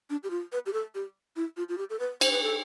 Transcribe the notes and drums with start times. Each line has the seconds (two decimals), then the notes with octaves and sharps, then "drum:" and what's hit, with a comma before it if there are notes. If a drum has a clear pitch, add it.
0.10 D4
0.24 G4
0.30 F4
0.52 B4
0.66 G4
0.73 A4
0.95 G4
1.36 E4
1.57 F4
1.69 F4
1.78 G4
1.90 A4
2.00 B4
2.21 C5, drum: cymbal
2.31 B4
2.43 A4